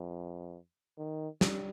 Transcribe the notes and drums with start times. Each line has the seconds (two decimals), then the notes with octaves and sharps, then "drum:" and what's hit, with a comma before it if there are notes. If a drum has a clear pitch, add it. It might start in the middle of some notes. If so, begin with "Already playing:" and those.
Already playing: F2
0.98 D#3
1.41 G3, drum: snare